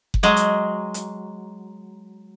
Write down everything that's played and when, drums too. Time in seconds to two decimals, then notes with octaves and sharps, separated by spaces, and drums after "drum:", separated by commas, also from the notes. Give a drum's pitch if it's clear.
0.14 drum: kick F#1
0.23 F#3 G#3 G#4
0.37 drum: hi-hat
0.94 drum: hi-hat